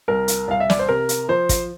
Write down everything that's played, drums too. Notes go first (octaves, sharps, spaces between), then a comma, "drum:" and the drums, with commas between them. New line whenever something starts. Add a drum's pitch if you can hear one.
C2 A#4
drum: hi-hat
C2 F5
E5
D5, drum: snare
C5
C3 A#4
drum: hi-hat
F3 C5
drum: kick, hi-hat